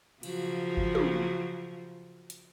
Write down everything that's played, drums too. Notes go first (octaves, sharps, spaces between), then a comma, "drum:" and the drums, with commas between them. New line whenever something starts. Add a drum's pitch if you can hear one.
C#3 F3 F#3, drum: cymbal
drum: kick G#1
drum: tom
drum: hi-hat